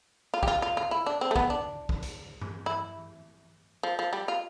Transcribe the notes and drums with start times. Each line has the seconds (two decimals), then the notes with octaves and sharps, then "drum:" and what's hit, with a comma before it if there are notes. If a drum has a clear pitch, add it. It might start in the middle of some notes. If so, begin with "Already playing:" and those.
0.34 F4
0.43 G4, drum: kick
0.48 F4
0.62 F4
0.77 F4
0.91 E4
1.06 D4
1.21 C4
1.31 A3
1.36 B3, drum: kick
1.50 D4
1.89 drum: kick
2.03 drum: hi-hat
2.41 drum: tom G2
2.66 E4
3.83 F3
3.99 F3
4.13 G3
4.28 F4